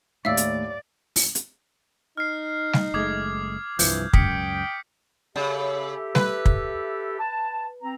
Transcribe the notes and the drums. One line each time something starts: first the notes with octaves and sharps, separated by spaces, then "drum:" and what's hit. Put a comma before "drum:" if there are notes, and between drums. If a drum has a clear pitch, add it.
D#2 A2 D5 E5 F5 E6
drum: hi-hat
drum: open hi-hat
drum: hi-hat
D#4 F6 C7
drum: snare G3
F#1 G#3 A3 D6 D#6 G#6
C2 G2 E3 F3 G6, drum: open hi-hat
C#2 F#2 G5 D#6 B6 C#7, drum: kick
C#3 G4 A4 E5
B4, drum: snare G3
drum: kick
A5
C4 A#5